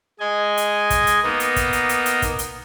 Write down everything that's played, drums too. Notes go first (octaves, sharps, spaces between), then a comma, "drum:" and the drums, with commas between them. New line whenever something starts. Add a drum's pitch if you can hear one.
G#3 D#5 G#5
drum: hi-hat
drum: kick, hi-hat
drum: hi-hat
A#3 B3 D#4
drum: hi-hat
drum: kick, hi-hat
drum: hi-hat
drum: hi-hat
drum: hi-hat
drum: kick, hi-hat
drum: hi-hat